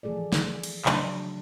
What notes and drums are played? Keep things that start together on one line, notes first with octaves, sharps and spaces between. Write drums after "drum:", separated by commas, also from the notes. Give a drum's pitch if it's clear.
E3 F3 A3 G#4 A4 D5
drum: snare
drum: cymbal
C#3 F#3 A3 D4, drum: clap